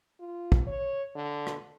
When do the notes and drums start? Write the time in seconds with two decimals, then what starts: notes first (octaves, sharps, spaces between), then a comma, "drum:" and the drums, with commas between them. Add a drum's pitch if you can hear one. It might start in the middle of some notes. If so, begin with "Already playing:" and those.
0.20 F4
0.52 drum: kick
0.67 C#5
1.15 D3
1.47 drum: rim click